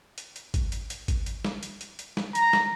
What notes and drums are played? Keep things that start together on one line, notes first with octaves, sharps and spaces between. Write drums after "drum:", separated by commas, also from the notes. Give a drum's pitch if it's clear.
drum: hi-hat
drum: hi-hat
drum: kick, hi-hat
drum: hi-hat
drum: hi-hat
drum: kick, hi-hat
drum: hi-hat
drum: snare
drum: hi-hat
drum: hi-hat
drum: hi-hat
drum: snare
A#5, drum: hi-hat
drum: snare